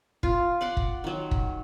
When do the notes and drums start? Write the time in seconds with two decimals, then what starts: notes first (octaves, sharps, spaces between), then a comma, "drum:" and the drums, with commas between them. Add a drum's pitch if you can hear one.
0.23 F4, drum: kick
0.61 D5 F#5 C6
0.77 drum: kick
1.04 D#3 F#3
1.31 drum: kick